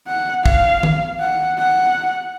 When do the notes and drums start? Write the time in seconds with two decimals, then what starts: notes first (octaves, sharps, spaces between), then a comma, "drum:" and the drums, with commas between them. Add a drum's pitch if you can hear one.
0.09 F#5
0.46 F5, drum: kick
0.83 drum: tom D#3
1.20 F#5
1.58 F#5